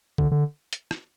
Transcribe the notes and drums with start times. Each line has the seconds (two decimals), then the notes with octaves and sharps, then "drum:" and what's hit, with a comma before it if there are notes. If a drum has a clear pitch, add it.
0.18 D3, drum: kick
0.32 D3
0.73 drum: hi-hat
0.91 drum: rim click